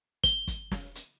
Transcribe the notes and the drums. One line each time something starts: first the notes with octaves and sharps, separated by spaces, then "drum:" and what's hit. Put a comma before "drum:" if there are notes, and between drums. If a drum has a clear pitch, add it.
G7, drum: kick, hi-hat
drum: kick, hi-hat
drum: snare
drum: hi-hat